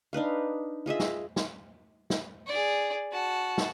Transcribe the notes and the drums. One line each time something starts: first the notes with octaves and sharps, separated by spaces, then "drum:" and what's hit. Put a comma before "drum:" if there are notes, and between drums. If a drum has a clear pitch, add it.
D4 D#4 B4 F5
F4 G#4 D#5 E5
drum: snare
drum: snare
drum: snare
G#4 D5
F#4 A5
drum: snare